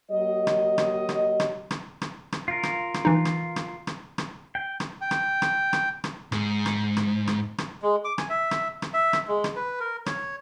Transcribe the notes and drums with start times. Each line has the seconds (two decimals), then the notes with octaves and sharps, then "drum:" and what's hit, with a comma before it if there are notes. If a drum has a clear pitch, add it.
0.10 F#3 A#3 G4 D#5
0.47 drum: rim click
0.78 drum: rim click
1.09 drum: rim click
1.40 drum: rim click
1.71 drum: rim click
2.02 drum: rim click
2.32 drum: rim click
2.48 F4 A#4
2.63 drum: rim click
2.94 drum: rim click
3.05 E3 D#4
3.25 drum: rim click
3.56 drum: rim click
3.87 drum: rim click
4.18 drum: rim click
4.55 G5
4.80 drum: rim click
5.01 G5
5.11 drum: rim click
5.42 drum: rim click
5.73 drum: rim click
6.04 drum: rim click
6.32 G#2, drum: rim click
6.66 drum: rim click
6.97 drum: rim click
7.27 drum: rim click
7.58 drum: rim click
7.82 G#3
8.05 D6
8.18 G#5, drum: rim click
8.30 E5
8.51 drum: rim click
8.82 drum: rim click
8.94 E5
9.13 drum: rim click
9.28 G#3
9.44 drum: rim click
9.56 B4
9.80 A#4
10.06 C#5, drum: rim click